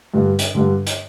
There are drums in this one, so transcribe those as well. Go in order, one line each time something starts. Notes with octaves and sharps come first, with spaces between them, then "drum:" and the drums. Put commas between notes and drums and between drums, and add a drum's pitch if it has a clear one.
G2 D3
drum: hi-hat
G2 D3
drum: hi-hat